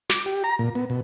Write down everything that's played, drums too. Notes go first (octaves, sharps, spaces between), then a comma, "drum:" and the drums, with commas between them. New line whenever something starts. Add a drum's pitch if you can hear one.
D6, drum: snare
G4
A#5
A#2
B3
B2